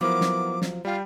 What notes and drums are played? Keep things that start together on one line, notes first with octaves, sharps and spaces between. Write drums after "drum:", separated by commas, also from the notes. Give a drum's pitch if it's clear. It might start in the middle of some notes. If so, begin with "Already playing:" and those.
F3 F#3 B3 E4 A#4 D6
drum: snare
drum: snare
G3 F4 G5